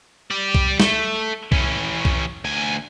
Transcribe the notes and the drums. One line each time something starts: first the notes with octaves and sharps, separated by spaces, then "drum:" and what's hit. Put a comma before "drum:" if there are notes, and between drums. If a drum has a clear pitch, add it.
G4 D5
drum: kick
A3, drum: snare
E3 C#4, drum: kick
drum: kick
D2 G#5